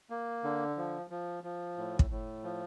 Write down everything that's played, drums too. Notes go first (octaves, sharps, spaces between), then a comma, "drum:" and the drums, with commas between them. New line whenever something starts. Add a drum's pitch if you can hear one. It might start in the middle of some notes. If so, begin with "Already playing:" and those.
A#3
D3
F3
F3
F3
A2
drum: kick
A2
F3